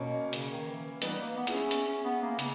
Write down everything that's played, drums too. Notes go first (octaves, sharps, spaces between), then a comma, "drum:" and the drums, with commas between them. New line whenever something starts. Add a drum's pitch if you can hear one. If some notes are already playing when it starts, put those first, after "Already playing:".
Already playing: B2 A#3 C#4
C#3, drum: hi-hat
D#3
E3
E3
G3 B3 D#4, drum: hi-hat
A#3
B3
E4 G#4, drum: hi-hat
C#4
C#4, drum: hi-hat
C#4
B3
A#3
C#3, drum: hi-hat